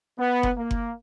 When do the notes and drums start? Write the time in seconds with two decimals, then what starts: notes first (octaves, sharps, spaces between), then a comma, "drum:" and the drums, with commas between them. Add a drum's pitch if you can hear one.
0.19 B3
0.43 drum: kick F#1
0.57 A#3
0.71 drum: kick F#1